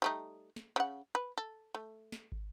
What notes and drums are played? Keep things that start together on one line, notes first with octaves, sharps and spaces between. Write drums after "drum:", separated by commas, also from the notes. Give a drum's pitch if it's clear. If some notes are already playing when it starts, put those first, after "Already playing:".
G3 A3 D#4
drum: snare
C#3 F#5
B4
A4
A3
drum: snare
drum: kick